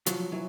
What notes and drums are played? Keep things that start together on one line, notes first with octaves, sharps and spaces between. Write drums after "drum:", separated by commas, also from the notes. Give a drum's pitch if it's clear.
F3 F#3 F4, drum: hi-hat
E3 F#3 E4